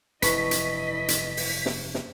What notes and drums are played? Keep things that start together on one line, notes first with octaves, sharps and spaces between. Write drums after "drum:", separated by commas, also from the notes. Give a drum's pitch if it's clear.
F1 G2 E3 E4 B4 D#5 C#6 B6, drum: hi-hat
drum: hi-hat
drum: hi-hat
drum: open hi-hat
drum: snare
drum: snare